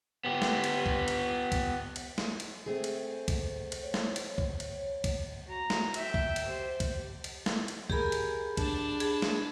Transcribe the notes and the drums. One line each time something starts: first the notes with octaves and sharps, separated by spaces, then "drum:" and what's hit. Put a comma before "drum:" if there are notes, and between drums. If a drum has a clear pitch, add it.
B3 G4
drum: snare
drum: cymbal
drum: kick C#2
drum: cymbal
drum: kick C#2, cymbal
drum: cymbal
drum: snare
drum: cymbal
A3 C4 G#4
drum: cymbal
drum: kick C#2, cymbal
drum: cymbal
C#5
drum: snare
drum: cymbal
drum: kick C#2
drum: cymbal
drum: kick C#2, cymbal
F#4 A#5
drum: snare
E5 G5, drum: cymbal
drum: kick C#2
drum: cymbal
G4 C5
drum: kick C#2, cymbal
drum: cymbal
drum: snare
drum: cymbal
G4 G#4 A#4 G#5 B5, drum: kick C#2
drum: cymbal
D4 A5, drum: kick C#2, cymbal
G#4 B5, drum: cymbal
drum: snare